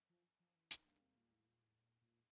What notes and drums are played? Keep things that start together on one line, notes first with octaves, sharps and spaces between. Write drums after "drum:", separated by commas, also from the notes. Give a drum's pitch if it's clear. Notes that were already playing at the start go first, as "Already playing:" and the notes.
Already playing: F#2
F3
F3
E3
D#3, drum: hi-hat
E1 D#2 D3 D#3 G3 A#3
C3
A#2
A2
A#2
A2
A#2
A#2